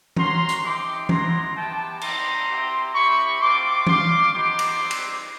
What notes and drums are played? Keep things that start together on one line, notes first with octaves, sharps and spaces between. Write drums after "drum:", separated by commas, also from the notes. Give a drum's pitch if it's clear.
A#3 C#4 F#4 A#5 C6, drum: tom E3
drum: hi-hat
A3 C4 D#4 G4 C6 D6
G#3 B3 E4 A#5 C6, drum: tom E3
B3 E4 G4 G5 A5
G3 C4 D#4 G4 A#5 C6, drum: cymbal
C4 E4 G4
C4 E4 G4 B5 C#6
A3 C4 F4 C6 D6
G3 C4 F4 C6 D6, drum: tom E3
B3 D#4 G4 C6 D6
drum: cymbal
G3 C4 D#4 G4
drum: cymbal